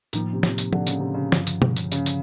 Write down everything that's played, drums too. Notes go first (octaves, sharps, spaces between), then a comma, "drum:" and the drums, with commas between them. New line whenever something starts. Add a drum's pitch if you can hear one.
A2 D#3 F3 A#3, drum: tambourine
C3
drum: snare
drum: tambourine
D3, drum: tom
C#3, drum: tambourine
C3
C#3
G2 D3 F3, drum: snare
drum: tambourine
drum: tom B2
drum: tambourine
C#3, drum: tambourine
drum: tambourine